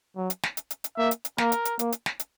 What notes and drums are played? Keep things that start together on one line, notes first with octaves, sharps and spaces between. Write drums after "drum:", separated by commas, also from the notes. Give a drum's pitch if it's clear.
F#3
drum: hi-hat
drum: snare
drum: hi-hat
drum: hi-hat
drum: hi-hat
A#3 E5
drum: hi-hat
drum: hi-hat
A#3 A#4, drum: snare
drum: hi-hat
drum: hi-hat
A#3, drum: hi-hat
drum: hi-hat
drum: snare
drum: hi-hat